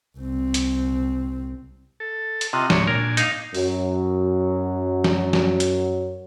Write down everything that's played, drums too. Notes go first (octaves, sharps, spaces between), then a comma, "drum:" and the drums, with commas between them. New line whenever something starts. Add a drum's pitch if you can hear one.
C2 C4
drum: hi-hat
A4
drum: hi-hat
C3 F4 D#5 F#5
D2 G#2 C#5, drum: snare
A#2 D4 A#4 G#5
D#4 F5, drum: hi-hat
F#2 F#3, drum: open hi-hat
drum: snare
drum: snare
drum: hi-hat